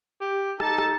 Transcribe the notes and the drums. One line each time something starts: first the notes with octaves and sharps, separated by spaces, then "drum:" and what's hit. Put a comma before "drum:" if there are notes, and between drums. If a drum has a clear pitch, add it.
G4
D#4 A4 A5, drum: rim click
drum: rim click